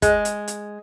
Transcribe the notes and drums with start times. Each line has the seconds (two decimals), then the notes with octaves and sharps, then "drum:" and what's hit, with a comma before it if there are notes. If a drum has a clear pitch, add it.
0.02 G#3, drum: kick, hi-hat
0.25 drum: hi-hat
0.48 drum: hi-hat